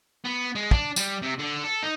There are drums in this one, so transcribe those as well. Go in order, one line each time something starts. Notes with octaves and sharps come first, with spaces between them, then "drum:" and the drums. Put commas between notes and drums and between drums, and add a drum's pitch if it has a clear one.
B3
G#3
D4, drum: kick
G3, drum: tambourine
C3
D3
A4
D#4